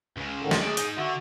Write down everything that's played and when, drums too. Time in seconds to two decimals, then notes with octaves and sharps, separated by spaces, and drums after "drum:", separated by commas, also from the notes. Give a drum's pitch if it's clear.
0.17 C#2 C#3
0.40 A2 D3 D#3
0.51 drum: snare
0.63 A3 G#4 D5
0.77 G#3 D#4, drum: hi-hat
0.98 D3 F#4 E5 F#5